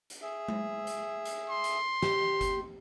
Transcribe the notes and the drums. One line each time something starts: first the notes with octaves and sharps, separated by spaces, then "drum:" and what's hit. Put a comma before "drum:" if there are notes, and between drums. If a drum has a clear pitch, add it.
drum: hi-hat
G#4 E5
drum: tom G#3
drum: hi-hat
drum: hi-hat
C6
drum: hi-hat
G4, drum: snare
drum: kick F#1, hi-hat